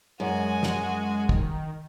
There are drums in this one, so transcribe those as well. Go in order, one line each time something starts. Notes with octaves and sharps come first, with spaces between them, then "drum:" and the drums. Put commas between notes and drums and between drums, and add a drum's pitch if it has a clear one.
F#2 G#3 F#4 G#5
drum: snare
D#3, drum: kick